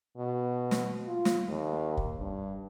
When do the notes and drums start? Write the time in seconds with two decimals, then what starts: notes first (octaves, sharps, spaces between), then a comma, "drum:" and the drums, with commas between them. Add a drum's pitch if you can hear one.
0.17 B2
0.71 drum: snare
1.07 F4
1.25 drum: snare
1.48 D#2
1.97 drum: kick
2.19 G2